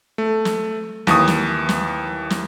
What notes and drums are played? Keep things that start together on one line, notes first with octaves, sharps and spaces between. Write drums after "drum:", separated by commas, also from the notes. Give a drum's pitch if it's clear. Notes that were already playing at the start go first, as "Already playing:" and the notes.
A3
drum: snare
D#2 E3 C#6 D#6, drum: snare
drum: snare
drum: snare
drum: snare